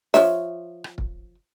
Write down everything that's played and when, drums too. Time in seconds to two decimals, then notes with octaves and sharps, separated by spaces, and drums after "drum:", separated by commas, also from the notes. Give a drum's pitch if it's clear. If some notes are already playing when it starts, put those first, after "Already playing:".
0.14 F3 C#5 E5, drum: snare
0.84 drum: rim click
0.98 drum: kick